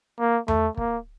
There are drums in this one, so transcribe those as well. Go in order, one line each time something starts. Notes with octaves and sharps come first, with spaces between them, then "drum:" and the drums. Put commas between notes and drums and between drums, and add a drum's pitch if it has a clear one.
A#3
A3, drum: tom E2
A#3, drum: kick